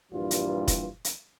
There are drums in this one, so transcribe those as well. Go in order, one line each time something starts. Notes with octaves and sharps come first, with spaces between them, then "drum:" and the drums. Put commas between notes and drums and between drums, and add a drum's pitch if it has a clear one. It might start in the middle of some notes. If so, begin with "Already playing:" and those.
A#1 G2 E3 G3 F4
drum: hi-hat
drum: kick, hi-hat
drum: hi-hat